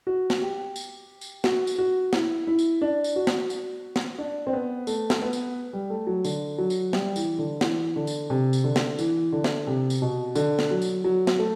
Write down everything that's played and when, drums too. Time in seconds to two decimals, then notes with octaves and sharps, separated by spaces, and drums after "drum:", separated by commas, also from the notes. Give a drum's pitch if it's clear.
0.07 F#4
0.30 drum: snare
0.41 G4
0.76 drum: tambourine
1.21 drum: tambourine
1.44 F#4, drum: snare
1.67 drum: tambourine
1.78 F#4
2.13 E4, drum: snare
2.47 E4
2.59 drum: tambourine
2.81 D4
3.04 drum: tambourine
3.16 F#4
3.27 drum: snare
3.50 drum: tambourine
3.96 drum: snare
4.18 D4
4.47 C4
4.53 B3
4.87 A3, drum: tambourine
5.10 drum: snare
5.22 B3
5.33 drum: tambourine
5.73 G3
5.90 A3
6.07 F#3
6.24 D3, drum: tambourine
6.58 F#3
6.70 drum: tambourine
6.93 G3, drum: snare
7.16 E3, drum: tambourine
7.39 D3
7.61 E3, drum: snare
7.96 D3
8.07 drum: tambourine
8.30 C3
8.53 drum: tambourine
8.64 D3
8.76 drum: snare
8.99 E3, drum: tambourine
9.33 D3
9.44 drum: snare
9.67 C3
9.90 drum: tambourine
10.02 B2
10.35 D3, drum: tambourine
10.59 drum: snare
10.71 F#3
10.82 drum: tambourine
11.04 F#3
11.27 drum: snare
11.39 A3